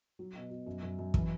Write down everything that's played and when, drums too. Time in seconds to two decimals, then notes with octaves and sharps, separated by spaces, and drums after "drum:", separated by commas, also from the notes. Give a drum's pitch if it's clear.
0.19 F#3
0.35 B2
0.51 B2
0.67 F#2
0.83 F#2
0.99 F#2
1.14 E3, drum: kick